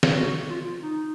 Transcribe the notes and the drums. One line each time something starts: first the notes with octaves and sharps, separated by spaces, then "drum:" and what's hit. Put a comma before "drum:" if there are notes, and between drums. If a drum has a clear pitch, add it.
drum: snare
F#4
F4
D#4